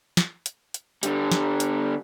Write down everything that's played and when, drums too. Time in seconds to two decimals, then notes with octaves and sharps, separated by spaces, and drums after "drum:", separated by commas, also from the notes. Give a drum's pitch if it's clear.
0.17 drum: snare
0.46 drum: hi-hat
0.74 drum: hi-hat
1.03 D3 G3, drum: hi-hat
1.32 drum: snare
1.60 drum: hi-hat